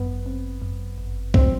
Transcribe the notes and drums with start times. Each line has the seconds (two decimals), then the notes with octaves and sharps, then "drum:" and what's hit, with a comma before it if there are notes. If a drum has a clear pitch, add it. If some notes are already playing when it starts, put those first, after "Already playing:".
Already playing: G1 F#2 B3
0.26 C4
0.62 F#2
0.98 G1
1.34 F#3 C4, drum: kick C#2